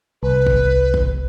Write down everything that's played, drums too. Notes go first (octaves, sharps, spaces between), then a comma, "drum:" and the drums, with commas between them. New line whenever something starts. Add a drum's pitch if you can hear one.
C2 B4
drum: kick
drum: kick